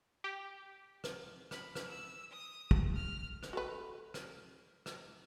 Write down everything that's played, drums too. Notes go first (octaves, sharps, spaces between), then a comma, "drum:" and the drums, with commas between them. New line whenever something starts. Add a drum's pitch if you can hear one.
G4
drum: rim click
B5, drum: rim click
drum: rim click
E6
D#6
drum: kick
F6
drum: rim click
F#4 A4 B4
drum: rim click
drum: rim click